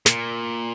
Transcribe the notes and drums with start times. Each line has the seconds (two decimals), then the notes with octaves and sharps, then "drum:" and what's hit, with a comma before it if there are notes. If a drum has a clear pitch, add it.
0.06 A#2, drum: snare